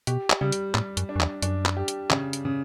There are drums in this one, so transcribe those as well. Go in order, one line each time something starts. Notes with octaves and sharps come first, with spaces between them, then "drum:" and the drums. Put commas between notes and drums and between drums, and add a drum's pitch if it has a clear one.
B2 G4, drum: hi-hat
drum: clap
C#3 G3
drum: hi-hat
A2 G3, drum: clap
F#2, drum: hi-hat
D4
F#2
E2, drum: clap
F#2 D4, drum: hi-hat
drum: clap
G4
drum: hi-hat
C#3, drum: clap
drum: hi-hat
C#3